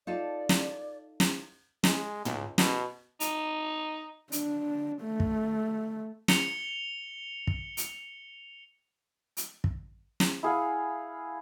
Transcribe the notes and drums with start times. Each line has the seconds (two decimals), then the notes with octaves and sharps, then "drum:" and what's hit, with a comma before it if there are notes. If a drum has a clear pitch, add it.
0.07 D#4 F4 A4 D5
0.49 drum: snare
1.20 drum: snare
1.84 G#3, drum: snare
2.25 C#2, drum: tom
2.58 B2, drum: snare
3.20 D#4, drum: hi-hat
4.32 D4, drum: hi-hat
5.02 A3
5.20 drum: kick
6.28 C#7 F7 G7, drum: snare
7.47 drum: kick
7.77 drum: hi-hat
9.37 drum: hi-hat
9.64 drum: kick
10.20 drum: snare
10.43 E4 G#4 F5 F#5